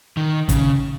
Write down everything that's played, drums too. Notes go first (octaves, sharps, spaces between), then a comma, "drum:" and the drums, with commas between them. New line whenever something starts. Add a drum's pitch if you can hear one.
D#3
C#3, drum: kick, hi-hat